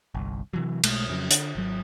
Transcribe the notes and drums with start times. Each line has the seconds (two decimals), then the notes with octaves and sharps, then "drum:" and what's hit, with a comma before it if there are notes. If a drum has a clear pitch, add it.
0.15 G1 C2
0.53 C3 E3 F#3
0.84 B1 B2 G#3 A3, drum: cymbal
1.08 F2 C#3 F#3
1.31 D3, drum: hi-hat
1.55 G#1 F#3